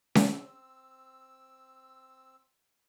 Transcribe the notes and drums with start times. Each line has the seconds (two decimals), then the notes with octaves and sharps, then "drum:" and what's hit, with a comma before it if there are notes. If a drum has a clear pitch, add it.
0.15 C4 E6, drum: snare C#4